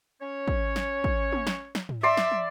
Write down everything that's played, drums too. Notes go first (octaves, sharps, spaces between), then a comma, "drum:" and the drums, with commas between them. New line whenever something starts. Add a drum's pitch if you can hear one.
C#4 C#5
drum: kick
drum: snare
drum: kick
drum: tom
drum: snare
drum: snare
drum: tom
D5 E5 C6
drum: snare
drum: tom